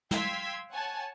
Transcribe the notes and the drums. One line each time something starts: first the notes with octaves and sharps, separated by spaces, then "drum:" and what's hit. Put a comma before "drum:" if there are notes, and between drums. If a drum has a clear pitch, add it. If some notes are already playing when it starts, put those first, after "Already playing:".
F5 G5 C6 E6 G#6 B6, drum: snare
C#5 F#5 G#5 A5